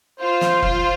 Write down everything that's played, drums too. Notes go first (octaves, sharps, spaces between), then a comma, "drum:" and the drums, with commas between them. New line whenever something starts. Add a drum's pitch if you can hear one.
F4 C5
drum: snare
F4 C5, drum: kick F1